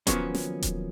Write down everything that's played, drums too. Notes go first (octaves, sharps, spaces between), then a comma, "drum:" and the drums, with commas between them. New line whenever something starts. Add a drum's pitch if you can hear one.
D#3 F3 F#3 A#3 B3 C#4, drum: kick D#1, hi-hat
drum: snare
drum: kick D#1, hi-hat